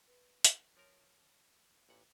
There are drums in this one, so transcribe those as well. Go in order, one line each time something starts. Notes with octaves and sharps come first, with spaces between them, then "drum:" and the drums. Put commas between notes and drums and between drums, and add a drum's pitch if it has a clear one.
B4
drum: hi-hat
F3 A#4 C#5
A1 A#2 F#5